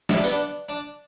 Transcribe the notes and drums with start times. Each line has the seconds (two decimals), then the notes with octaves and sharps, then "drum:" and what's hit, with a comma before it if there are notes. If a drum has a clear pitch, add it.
0.09 E4, drum: snare
0.16 D4
0.24 B3, drum: tambourine
0.31 D4
0.69 D4